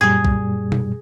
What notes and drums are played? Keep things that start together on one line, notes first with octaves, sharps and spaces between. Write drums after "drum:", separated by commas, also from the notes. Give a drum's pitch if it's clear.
F#2 A#2 G3 G#4
drum: kick B1
drum: tom B2